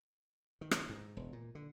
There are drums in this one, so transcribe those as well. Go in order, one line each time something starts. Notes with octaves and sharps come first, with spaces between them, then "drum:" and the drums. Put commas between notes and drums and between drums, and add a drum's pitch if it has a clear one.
D#3
drum: rim click
G#2
E1
A#2
D3